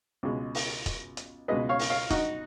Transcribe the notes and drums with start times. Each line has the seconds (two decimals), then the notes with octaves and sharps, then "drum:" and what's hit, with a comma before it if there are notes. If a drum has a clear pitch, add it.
0.23 C#2 B2 G#3
0.55 drum: open hi-hat
0.86 drum: kick, hi-hat
1.17 drum: hi-hat
1.48 C#2 B2 G#3 B4 D#5
1.69 C#5 F5
1.79 drum: open hi-hat
1.89 C#5 F5
2.10 D#4 F#4, drum: kick, hi-hat